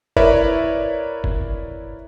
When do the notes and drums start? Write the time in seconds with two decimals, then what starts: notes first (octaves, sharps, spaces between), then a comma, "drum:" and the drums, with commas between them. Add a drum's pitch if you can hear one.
0.17 E4 A#4 B4 C#5 D5 E5, drum: kick
1.24 drum: kick